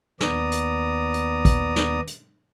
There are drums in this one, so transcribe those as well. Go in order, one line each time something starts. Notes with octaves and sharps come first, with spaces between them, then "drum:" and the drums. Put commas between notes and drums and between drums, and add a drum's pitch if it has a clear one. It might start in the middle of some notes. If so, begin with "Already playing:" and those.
D#2 B3 D5 A#5 D#6, drum: snare
drum: hi-hat
drum: hi-hat
drum: kick, hi-hat
drum: snare
drum: hi-hat